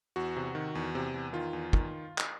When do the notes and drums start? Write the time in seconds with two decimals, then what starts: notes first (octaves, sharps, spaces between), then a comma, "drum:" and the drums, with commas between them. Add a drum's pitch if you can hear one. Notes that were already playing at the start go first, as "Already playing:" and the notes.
0.16 E2 F#4
0.36 C3
0.55 D#3
0.75 E2
0.95 C3
1.14 E2
1.33 D#3 F4
1.53 E2
1.73 D#3, drum: kick
2.18 drum: clap